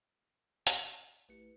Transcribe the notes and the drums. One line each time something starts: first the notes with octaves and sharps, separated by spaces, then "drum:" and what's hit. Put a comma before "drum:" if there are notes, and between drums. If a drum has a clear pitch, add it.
drum: hi-hat
A1 A3 E4 G4 B4 C#7